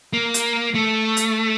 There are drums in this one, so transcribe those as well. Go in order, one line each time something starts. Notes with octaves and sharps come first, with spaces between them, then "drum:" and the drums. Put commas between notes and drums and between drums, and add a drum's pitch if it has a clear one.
A#3
drum: hi-hat
A3
drum: hi-hat